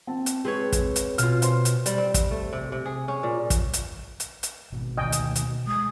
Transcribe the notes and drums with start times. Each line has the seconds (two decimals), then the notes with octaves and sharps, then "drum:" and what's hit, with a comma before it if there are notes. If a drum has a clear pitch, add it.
0.07 C4 A5
0.26 drum: hi-hat
0.45 G#3 C4 B4 C#5
0.72 drum: kick, hi-hat
0.96 drum: hi-hat
1.18 B2 F4 F6, drum: hi-hat
1.42 C5 C6, drum: hi-hat
1.65 drum: hi-hat
1.86 G3, drum: hi-hat
1.98 C4
2.14 C4, drum: kick, hi-hat
2.31 A3
2.53 C3
2.72 C3
2.85 G#4
3.08 C#4
3.23 A#2
3.50 drum: kick, hi-hat
3.73 drum: hi-hat
4.20 drum: hi-hat
4.43 drum: hi-hat
4.72 G#1 B2
4.97 D2 D#3 D#5 G5 G#5
5.12 drum: hi-hat
5.35 drum: hi-hat
5.67 G#3 D#6